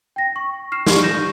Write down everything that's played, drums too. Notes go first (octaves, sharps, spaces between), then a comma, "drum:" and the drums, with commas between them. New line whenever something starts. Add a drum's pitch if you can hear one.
G5 A#6
C#6
F6 C7 E7
C6 C#6, drum: snare
G6 A#6 D#7 E7